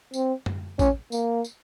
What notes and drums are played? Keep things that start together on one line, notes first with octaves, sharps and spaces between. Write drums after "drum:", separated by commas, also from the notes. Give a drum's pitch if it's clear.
C4, drum: tambourine
drum: tom F#2
C#4, drum: kick A1, tambourine
A#3, drum: tambourine
drum: tambourine